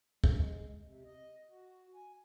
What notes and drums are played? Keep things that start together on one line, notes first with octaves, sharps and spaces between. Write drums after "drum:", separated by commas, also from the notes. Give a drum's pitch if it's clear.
G#3, drum: kick
C3
D#5
F#4
G#5